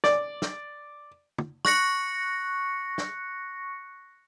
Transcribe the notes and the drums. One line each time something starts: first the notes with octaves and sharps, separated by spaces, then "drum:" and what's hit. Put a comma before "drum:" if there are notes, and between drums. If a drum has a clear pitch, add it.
D5, drum: snare
drum: snare
drum: tom
C#6 F#6 A#6 C#7, drum: snare
drum: snare